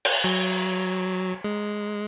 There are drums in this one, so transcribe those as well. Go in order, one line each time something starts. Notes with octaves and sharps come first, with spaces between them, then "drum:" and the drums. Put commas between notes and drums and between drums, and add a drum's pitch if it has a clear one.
drum: cymbal
F#3
G#3